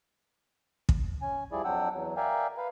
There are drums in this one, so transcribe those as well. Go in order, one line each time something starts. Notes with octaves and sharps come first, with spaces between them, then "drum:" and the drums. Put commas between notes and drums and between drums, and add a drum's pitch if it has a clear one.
drum: kick
C#4 G#5
F3 G3 E4 G#4 D5
F2 F#3 D4 F#5 G5 E6
E2 F#3
A#4 D5 E5 F5 G5 G#5
B4 F5